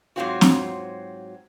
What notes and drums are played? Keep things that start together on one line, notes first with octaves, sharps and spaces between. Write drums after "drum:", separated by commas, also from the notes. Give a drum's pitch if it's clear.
G#2 D#3 F#3 C4 F4 F#4
drum: snare C4